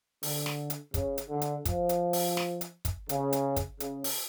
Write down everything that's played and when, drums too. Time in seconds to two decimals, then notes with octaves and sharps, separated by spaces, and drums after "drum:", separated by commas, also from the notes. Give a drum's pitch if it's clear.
0.23 D3, drum: open hi-hat
0.46 drum: snare
0.70 drum: hi-hat
0.94 C#3, drum: kick, hi-hat
1.18 drum: hi-hat
1.30 D3
1.41 drum: hi-hat
1.65 F3, drum: kick, hi-hat
1.89 drum: hi-hat
2.13 drum: open hi-hat
2.37 drum: snare
2.61 drum: hi-hat
2.85 drum: kick, hi-hat
3.09 C#3, drum: hi-hat
3.33 drum: hi-hat
3.56 drum: kick, hi-hat
3.80 C#3, drum: hi-hat
4.04 drum: open hi-hat